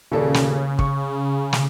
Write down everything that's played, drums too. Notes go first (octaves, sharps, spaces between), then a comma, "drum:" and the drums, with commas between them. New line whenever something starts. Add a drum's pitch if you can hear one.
D#1 C#3 A4 D5
drum: snare
C#6, drum: kick
drum: snare